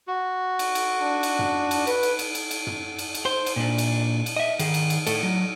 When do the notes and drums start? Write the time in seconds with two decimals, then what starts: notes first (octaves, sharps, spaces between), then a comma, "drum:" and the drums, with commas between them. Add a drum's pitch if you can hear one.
0.08 F#4
0.59 drum: cymbal
0.75 drum: cymbal
1.01 D4
1.23 drum: cymbal
1.39 drum: tom
1.71 drum: cymbal
1.87 B4, drum: cymbal
2.03 drum: cymbal
2.19 drum: cymbal
2.35 drum: cymbal
2.51 drum: cymbal
2.67 drum: tom
2.99 drum: cymbal
3.14 drum: cymbal
3.25 C5
3.46 drum: cymbal
3.56 A#2 D4
3.78 drum: cymbal
4.26 drum: cymbal
4.36 D#5 E5
4.59 D#3 G#4, drum: cymbal
4.74 drum: cymbal
4.90 drum: cymbal
5.07 A2 A4, drum: cymbal
5.23 F#3